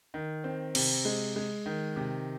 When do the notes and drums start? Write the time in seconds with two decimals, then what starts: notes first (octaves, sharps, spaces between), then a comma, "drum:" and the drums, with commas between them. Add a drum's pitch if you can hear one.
0.14 D#3
0.44 C4
0.75 C3, drum: cymbal
1.05 G#3
1.36 G#3
1.66 D#3
1.96 C3